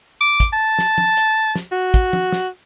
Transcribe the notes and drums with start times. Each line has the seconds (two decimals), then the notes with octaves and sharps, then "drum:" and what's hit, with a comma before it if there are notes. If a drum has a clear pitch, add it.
0.21 D6
0.40 drum: kick, hi-hat
0.53 A5
0.79 drum: snare
0.98 drum: tom
1.17 drum: hi-hat
1.55 drum: snare
1.72 F#4
1.94 drum: kick, hi-hat
2.13 drum: tom
2.32 drum: snare